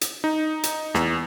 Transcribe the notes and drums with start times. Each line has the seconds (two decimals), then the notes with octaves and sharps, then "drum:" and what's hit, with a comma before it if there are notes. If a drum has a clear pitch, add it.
0.01 drum: hi-hat
0.24 D#4
0.63 drum: hi-hat
0.95 E2, drum: snare